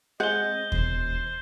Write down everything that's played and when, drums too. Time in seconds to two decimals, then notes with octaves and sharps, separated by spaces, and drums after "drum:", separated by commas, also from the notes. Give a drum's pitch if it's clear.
0.20 G#3 C4 G#4 D#5 F#5 G6 G7
0.72 E1 C5, drum: kick